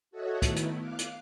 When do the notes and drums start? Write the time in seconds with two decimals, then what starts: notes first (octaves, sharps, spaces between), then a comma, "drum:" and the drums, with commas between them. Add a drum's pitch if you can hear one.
0.11 F#4 A4 C#5 D#5 E5 F#6
0.42 D#3 A3 B3 E4, drum: kick C#2, hi-hat
0.56 drum: hi-hat
0.79 F5 D6 F#6
0.98 drum: hi-hat